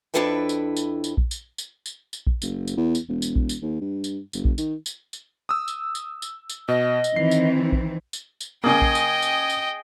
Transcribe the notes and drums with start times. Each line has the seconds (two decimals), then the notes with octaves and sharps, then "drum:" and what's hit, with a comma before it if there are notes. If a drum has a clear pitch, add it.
0.14 F2 D4 E4 A4 B4 G5
0.49 drum: tambourine
0.77 drum: tambourine
1.04 drum: tambourine
1.17 drum: kick A#1
1.31 drum: tambourine
1.58 drum: tambourine
1.86 drum: tambourine
2.13 drum: tambourine
2.27 drum: kick A#1
2.42 F#1, drum: tambourine
2.68 drum: tambourine
2.77 E2
2.95 drum: tambourine
3.08 E1
3.22 drum: tambourine
3.36 drum: kick A#1
3.49 drum: tambourine
3.62 D#2
3.81 G2
4.04 drum: tambourine
4.33 F#1, drum: tambourine
4.45 drum: kick A#1
4.58 D#3, drum: tambourine
4.86 drum: tambourine
5.13 drum: tambourine
5.49 D#6 E6
5.68 drum: tambourine
5.95 drum: tambourine
6.22 drum: tambourine
6.50 drum: tambourine
6.68 B2 D#5
7.04 drum: tambourine
7.16 D#3 E3 C4 C7
7.31 drum: tambourine
7.72 drum: kick A#1
8.13 drum: tambourine
8.41 drum: tambourine
8.64 C#3 A#3 G#4 D#5 G5 G#5
8.81 drum: kick A#1
8.95 drum: tambourine
9.22 drum: tambourine
9.50 drum: tambourine